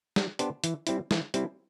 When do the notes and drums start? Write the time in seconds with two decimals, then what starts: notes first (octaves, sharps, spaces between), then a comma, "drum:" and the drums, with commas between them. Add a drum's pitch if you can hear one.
0.16 G3, drum: snare
0.39 B3 D4 G4 C5, drum: hi-hat
0.64 E3, drum: hi-hat
0.87 G3 C4 E4, drum: hi-hat
1.11 E3, drum: snare
1.34 G3 C4 E4, drum: hi-hat